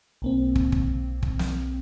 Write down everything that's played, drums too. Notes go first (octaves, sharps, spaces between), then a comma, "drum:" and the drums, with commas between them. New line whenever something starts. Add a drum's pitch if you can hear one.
B1 A#3 C4
drum: kick
drum: kick
drum: kick
drum: snare